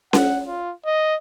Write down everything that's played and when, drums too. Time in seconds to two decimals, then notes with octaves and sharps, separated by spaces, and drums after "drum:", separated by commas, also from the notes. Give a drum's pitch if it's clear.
0.13 F#5, drum: snare C#4
0.47 F4
0.86 D#5